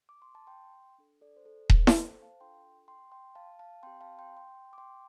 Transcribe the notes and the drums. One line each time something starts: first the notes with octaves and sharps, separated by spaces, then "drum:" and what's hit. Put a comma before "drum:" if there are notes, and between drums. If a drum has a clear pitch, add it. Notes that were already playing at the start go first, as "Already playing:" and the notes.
D6
C6
A5
G5 C6
D4 A4
A4 D5
C5
A4 D5
C5, drum: kick D#1
A4, drum: snare E4
C5
F5 A5
D4 F4 A4 G5 C6
G5 C6
G5 C6
F5 A5
F5 A5
C4 G4 G5 C6
F5 A5
G5 C6
G5 C6
D6
G5 C6